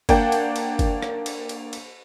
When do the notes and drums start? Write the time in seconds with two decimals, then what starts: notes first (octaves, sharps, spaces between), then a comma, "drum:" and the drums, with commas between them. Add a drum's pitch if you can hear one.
0.09 A#3 D4 F#5 G5, drum: kick, cymbal
0.32 drum: cymbal
0.56 drum: cymbal
0.79 drum: kick, cymbal
1.02 drum: rim click
1.26 drum: cymbal
1.49 drum: cymbal
1.73 drum: cymbal